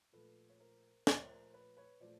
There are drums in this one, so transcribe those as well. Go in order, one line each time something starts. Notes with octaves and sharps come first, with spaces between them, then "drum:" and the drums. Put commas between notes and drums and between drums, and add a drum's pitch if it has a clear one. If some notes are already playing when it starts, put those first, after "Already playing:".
A#2 F3 A3 A4 B4
C#5
A#4 C5
A#2 F3 A3 A#4 C5, drum: snare
C#5
A#4 C5
B4 C#5
B4 C#5
A#2 F3 A3 C5 D5